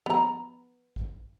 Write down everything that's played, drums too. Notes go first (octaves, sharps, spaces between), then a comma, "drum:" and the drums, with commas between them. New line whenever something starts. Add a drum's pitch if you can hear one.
B3 A#5, drum: tom F3
drum: kick